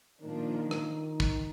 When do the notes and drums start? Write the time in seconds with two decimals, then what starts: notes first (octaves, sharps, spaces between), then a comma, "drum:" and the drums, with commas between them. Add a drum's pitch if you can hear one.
0.22 A#2 D#3 F3 A#3 D4
0.71 drum: rim click
1.20 drum: kick